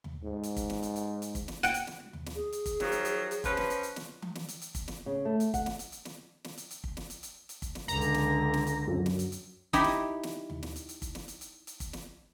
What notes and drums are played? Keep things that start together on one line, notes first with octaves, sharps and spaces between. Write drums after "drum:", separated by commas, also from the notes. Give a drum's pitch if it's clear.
drum: tom D#2
G#2
drum: hi-hat
drum: kick, hi-hat
drum: snare
drum: hi-hat
drum: hi-hat
drum: hi-hat
drum: kick, hi-hat
drum: snare
F#5 G5, drum: hi-hat
drum: hi-hat
drum: snare
drum: tom D#2
drum: snare
G#4
drum: hi-hat
drum: kick, hi-hat
D#3 F3 F#3, drum: snare
drum: hi-hat
drum: hi-hat
drum: hi-hat
F3 C#4 B4, drum: kick, hi-hat
drum: snare
drum: hi-hat
drum: hi-hat
drum: snare
drum: tom E3
drum: snare
drum: hi-hat
drum: hi-hat
drum: kick, hi-hat
drum: snare
C#3
A3
drum: hi-hat
F#5, drum: kick, hi-hat
drum: snare
drum: hi-hat
drum: hi-hat
drum: snare
drum: snare
drum: hi-hat
drum: hi-hat
drum: kick
drum: snare
drum: hi-hat
drum: hi-hat
drum: hi-hat
drum: kick, hi-hat
drum: snare
C#2 D3 A#5, drum: hi-hat
drum: hi-hat
drum: snare
drum: snare
drum: hi-hat
F#2
drum: snare
drum: hi-hat
drum: hi-hat
D#4 E4 G4, drum: kick, hi-hat
drum: snare
drum: snare
drum: tom D#2
drum: snare
drum: hi-hat
drum: hi-hat
drum: kick, hi-hat
drum: snare
drum: hi-hat
drum: hi-hat
drum: hi-hat
drum: kick, hi-hat
drum: snare